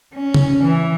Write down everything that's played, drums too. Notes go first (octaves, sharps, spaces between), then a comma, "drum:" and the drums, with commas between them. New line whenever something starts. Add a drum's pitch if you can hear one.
C#4
drum: tom C#3
E3